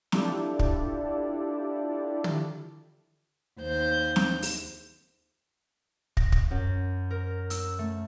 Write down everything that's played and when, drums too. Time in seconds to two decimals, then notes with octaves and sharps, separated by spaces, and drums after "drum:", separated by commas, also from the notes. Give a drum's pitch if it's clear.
0.12 D4 E4 F4 G4 A4 D5, drum: snare
0.59 drum: kick
2.24 drum: tom
3.60 D#2 C5 G6
4.16 drum: snare
4.42 drum: open hi-hat
6.17 A#6, drum: kick
6.32 drum: kick
6.51 F#2
7.10 A#4
7.50 E6, drum: hi-hat
7.79 A3